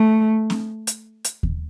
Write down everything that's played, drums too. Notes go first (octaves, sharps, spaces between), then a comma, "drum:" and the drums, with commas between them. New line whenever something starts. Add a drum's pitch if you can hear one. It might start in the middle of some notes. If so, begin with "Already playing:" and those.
Already playing: A3
drum: snare C4
drum: hi-hat
drum: hi-hat
drum: kick D#2